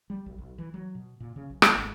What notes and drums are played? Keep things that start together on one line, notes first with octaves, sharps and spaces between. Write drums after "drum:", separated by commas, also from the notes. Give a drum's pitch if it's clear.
G3
B1
B1
E3
F#3
B2
A#2
C#3
B1
G3, drum: rim click
G#1